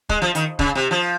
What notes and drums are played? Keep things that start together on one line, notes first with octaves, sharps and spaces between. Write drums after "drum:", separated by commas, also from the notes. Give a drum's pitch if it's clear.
G#3, drum: kick
F3
D#3, drum: hi-hat
C#3, drum: kick
C3
F3